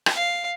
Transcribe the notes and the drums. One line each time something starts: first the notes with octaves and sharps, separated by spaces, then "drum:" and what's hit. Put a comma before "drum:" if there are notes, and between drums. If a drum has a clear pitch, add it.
drum: rim click
F5